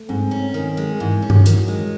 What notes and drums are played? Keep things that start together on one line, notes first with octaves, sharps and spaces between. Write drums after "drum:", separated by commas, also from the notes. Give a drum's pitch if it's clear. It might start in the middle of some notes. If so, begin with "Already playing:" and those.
Already playing: A3
G#2 C4
C#4
D#3
G#3
G#2 E3
C#4
F#3, drum: tom G2
D#3, drum: hi-hat
G#3